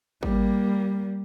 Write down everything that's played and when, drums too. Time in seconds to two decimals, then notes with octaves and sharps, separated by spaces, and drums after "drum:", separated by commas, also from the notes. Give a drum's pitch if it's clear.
0.23 G3 A#3, drum: kick G#1